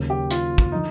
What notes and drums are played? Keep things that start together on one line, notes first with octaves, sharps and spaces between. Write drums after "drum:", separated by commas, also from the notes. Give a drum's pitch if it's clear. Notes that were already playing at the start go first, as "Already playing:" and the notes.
Already playing: D#2 C#3 F#3
G4
F4, drum: hi-hat
drum: kick
D3 F3 D#4